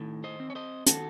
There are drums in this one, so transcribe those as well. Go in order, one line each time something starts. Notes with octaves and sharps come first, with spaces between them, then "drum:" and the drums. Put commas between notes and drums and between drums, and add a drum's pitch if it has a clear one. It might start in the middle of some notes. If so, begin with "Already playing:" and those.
Already playing: A2 D#3
C5 D#5
C4
C#5
C5 D#5
D#3 F#4 A4, drum: hi-hat